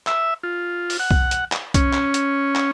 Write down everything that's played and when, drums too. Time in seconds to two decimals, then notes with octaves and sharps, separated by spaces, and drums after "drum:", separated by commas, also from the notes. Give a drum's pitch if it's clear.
0.07 E5, drum: clap
0.43 F4
0.90 drum: open hi-hat
1.00 F#5
1.11 drum: kick B1
1.31 drum: hi-hat
1.52 drum: clap
1.74 C#4, drum: kick B1, hi-hat
1.93 drum: clap
2.14 drum: hi-hat
2.56 drum: clap